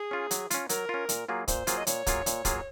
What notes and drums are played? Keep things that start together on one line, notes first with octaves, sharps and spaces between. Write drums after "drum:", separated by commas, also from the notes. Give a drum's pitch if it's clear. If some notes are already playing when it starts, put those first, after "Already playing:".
Already playing: G#4
C#4 F4
F#3, drum: hi-hat
C#4 F4, drum: hi-hat
F#3 A#4, drum: hi-hat
C#4 F4
A#2, drum: hi-hat
F#3 A#3 F4 G#4
A#2 C5, drum: kick, hi-hat
F#3 A#3 F4 G#4, drum: hi-hat
D#5
A#2 C#5, drum: hi-hat
F#3 A#3 F4 G#4, drum: kick, hi-hat
A#2, drum: hi-hat
F#3 A#3 F4 G#4, drum: kick, hi-hat